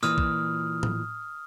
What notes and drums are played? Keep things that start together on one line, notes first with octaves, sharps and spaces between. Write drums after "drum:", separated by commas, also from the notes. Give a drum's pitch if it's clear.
A#2 E3 D#6 F6, drum: tambourine
drum: kick
drum: tom A2